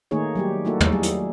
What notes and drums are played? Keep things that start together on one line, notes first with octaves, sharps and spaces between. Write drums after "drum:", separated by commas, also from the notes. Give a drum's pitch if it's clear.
D#3 A3 A#3 D#4 G#4 C#5
F#3 G3 G4
A3 A#3 D#4 E4 F#4 A4
drum: tom
F#3 G3 A3 G#4
drum: hi-hat